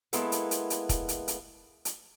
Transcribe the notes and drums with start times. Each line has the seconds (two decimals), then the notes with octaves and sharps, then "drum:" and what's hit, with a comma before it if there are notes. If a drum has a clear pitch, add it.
0.13 G#3 A#3 B3 E4 A4, drum: hi-hat
0.32 drum: hi-hat
0.51 drum: hi-hat
0.70 drum: hi-hat
0.89 drum: kick, hi-hat
1.08 drum: hi-hat
1.28 drum: hi-hat
1.85 drum: hi-hat